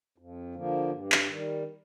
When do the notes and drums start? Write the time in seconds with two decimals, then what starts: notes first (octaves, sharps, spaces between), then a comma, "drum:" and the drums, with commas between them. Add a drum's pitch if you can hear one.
0.18 F2
0.55 D3 F3 A#3
0.91 G2
1.12 drum: clap
1.27 D#3 G3